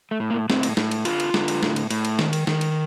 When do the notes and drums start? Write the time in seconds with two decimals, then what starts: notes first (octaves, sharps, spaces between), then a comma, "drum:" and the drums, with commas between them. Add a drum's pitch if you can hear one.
0.11 A3
0.20 A2
0.30 A#3
0.50 A2 C4, drum: snare
0.63 drum: cymbal
0.77 A2, drum: snare
0.91 drum: cymbal
1.05 D3 F4, drum: cymbal
1.20 drum: cymbal
1.34 D3, drum: snare
1.48 drum: cymbal
1.63 A2, drum: snare
1.76 drum: cymbal
1.91 A2, drum: cymbal
2.05 drum: cymbal
2.19 D#3, drum: snare
2.33 drum: cymbal
2.47 D#3, drum: snare
2.61 drum: cymbal